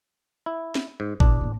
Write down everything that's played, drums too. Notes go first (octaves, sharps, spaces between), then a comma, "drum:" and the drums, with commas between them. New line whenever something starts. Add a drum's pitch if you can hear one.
E4
drum: snare
G#2
E2 A#2 D4, drum: kick
A2 A#3